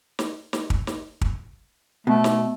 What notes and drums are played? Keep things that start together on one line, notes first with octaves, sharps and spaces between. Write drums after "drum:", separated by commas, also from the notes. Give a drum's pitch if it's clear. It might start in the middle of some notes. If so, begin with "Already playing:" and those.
drum: snare
drum: snare
drum: kick
drum: snare
drum: kick
B2 A3
drum: snare